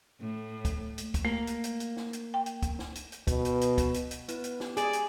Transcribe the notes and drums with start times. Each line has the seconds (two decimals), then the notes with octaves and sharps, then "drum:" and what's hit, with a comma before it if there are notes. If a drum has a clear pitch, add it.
0.21 A2
0.65 drum: kick, hi-hat
0.98 drum: hi-hat
1.14 drum: kick, hi-hat
1.25 A3 A#3
1.47 drum: hi-hat
1.64 drum: hi-hat
1.80 drum: hi-hat
1.97 drum: snare
2.13 drum: hi-hat
2.34 G5
2.46 drum: hi-hat
2.63 drum: kick, hi-hat
2.79 drum: snare
2.95 drum: hi-hat
3.12 drum: hi-hat
3.27 B2, drum: kick, hi-hat
3.45 drum: hi-hat
3.61 drum: hi-hat
3.78 drum: kick, hi-hat
3.94 drum: hi-hat
4.11 drum: hi-hat
4.28 B3 E4 B4, drum: hi-hat
4.44 drum: hi-hat
4.60 G4, drum: snare
4.77 G#4 D5 G#5, drum: hi-hat
4.93 drum: hi-hat